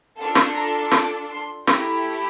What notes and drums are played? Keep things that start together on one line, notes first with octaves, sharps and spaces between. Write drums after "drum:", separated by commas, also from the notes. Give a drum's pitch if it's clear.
D4 F4 A4
drum: snare
A#5
D6, drum: snare
C6
A3 E4 G4 A#5, drum: snare